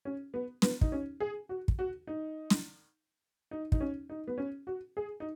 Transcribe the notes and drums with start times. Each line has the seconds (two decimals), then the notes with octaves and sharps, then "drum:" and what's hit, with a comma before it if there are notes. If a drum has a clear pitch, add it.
0.05 C#4
0.34 B3
0.62 B3, drum: snare
0.81 D#4, drum: kick
0.92 C#4
1.20 G#4
1.49 F#4
1.68 drum: kick
1.79 F#4
2.07 D#4
2.50 drum: snare
3.51 D#4
3.72 D#4, drum: kick
3.80 C#4
4.09 D#4
4.27 B3
4.38 C#4
4.67 F#4
4.97 G#4
5.20 D#4